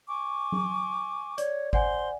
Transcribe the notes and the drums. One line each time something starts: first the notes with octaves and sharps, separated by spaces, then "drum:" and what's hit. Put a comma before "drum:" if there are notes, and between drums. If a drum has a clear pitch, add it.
G#5 C#6 D6
drum: tom F#3
C#5 D5, drum: hi-hat
C5 D5 F#5 G#5 C6, drum: kick G#1